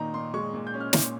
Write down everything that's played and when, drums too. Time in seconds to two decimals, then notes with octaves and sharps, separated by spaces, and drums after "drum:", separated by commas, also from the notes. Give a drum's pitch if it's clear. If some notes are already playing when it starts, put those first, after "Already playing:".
Already playing: A#2 D#3 D#4 A#5
0.14 A#2 C6
0.34 G#3 C#6
0.53 A#2
0.67 G6
0.74 C#4
0.80 F6
0.93 A#2, drum: snare